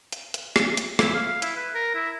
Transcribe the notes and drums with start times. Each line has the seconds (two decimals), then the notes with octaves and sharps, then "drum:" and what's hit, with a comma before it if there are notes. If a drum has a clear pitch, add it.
0.12 drum: hi-hat
0.34 drum: hi-hat
0.56 drum: rim click
0.77 drum: hi-hat
0.99 E4, drum: rim click
1.14 F5
1.42 E4, drum: hi-hat
1.56 B4
1.74 A#4
1.94 E4